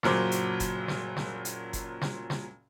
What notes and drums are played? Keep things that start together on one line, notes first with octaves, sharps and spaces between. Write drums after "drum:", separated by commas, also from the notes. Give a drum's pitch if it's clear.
F#1 A#2 F#3 C5 D6, drum: snare
drum: hi-hat
drum: kick F#1, hi-hat
drum: snare
drum: snare
drum: hi-hat
drum: kick F#1, hi-hat
drum: snare
drum: snare